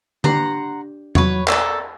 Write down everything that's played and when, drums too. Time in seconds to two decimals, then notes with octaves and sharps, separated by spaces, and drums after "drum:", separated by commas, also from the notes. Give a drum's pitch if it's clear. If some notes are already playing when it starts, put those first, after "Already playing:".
0.24 D4 G4 F#5 A#5 C6, drum: tom D3
1.15 F#3 B4 C#5, drum: tom E2
1.48 A4 A#4 D5 A#5, drum: clap